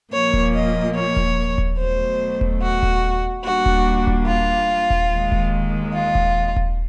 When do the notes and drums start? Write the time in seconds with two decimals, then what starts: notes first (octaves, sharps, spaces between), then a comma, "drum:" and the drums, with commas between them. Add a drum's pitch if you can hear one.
0.13 A#2 F3 A#3 C#5
0.33 drum: kick D#1
0.55 D#5
0.96 C#5
1.16 drum: kick D#1
1.58 drum: kick D#1
1.79 B2 F#3 A3 C5
2.41 drum: kick D#1
2.62 F#4
2.83 drum: kick D#1
3.44 A#2 G3 A#3 D4 F#4
3.66 drum: kick D#1
4.07 drum: kick D#1
4.28 F4
4.90 drum: kick D#1
5.12 D#2 D#3 G#3
5.32 drum: kick D#1
5.94 F4
6.15 drum: kick D#1
6.56 drum: kick D#1